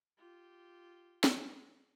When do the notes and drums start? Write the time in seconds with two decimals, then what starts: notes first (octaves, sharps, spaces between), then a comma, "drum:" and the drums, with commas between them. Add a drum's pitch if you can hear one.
0.18 F4 G4
1.24 drum: snare